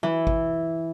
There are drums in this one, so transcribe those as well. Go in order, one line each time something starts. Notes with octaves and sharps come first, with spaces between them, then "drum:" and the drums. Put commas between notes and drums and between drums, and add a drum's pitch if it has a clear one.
E3
drum: kick G#1